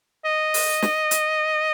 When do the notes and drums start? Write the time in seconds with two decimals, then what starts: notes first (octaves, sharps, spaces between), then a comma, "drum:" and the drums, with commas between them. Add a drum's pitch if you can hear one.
0.25 D#5
0.54 drum: open hi-hat
0.82 drum: snare
1.11 drum: hi-hat